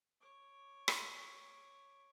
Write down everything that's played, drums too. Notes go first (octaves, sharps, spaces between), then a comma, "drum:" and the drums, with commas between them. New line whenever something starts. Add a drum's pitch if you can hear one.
C#5 D6
drum: rim click